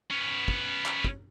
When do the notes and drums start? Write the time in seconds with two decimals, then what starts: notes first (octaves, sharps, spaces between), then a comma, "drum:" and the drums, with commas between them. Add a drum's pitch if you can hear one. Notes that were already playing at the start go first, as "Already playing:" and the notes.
0.10 B3 C#4
0.48 drum: kick
0.86 drum: clap
1.04 drum: kick